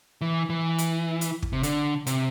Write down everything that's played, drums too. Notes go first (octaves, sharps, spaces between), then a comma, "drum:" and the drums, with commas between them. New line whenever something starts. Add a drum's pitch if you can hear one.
E3
E3
drum: hi-hat
drum: hi-hat
drum: kick
C3
D3, drum: hi-hat
C3, drum: hi-hat